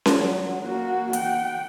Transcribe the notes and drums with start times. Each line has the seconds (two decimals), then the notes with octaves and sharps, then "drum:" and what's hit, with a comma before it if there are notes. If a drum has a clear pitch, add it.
0.06 drum: snare C#4
0.15 F#3
0.62 A#3 F#4
1.13 F#5 G5, drum: hi-hat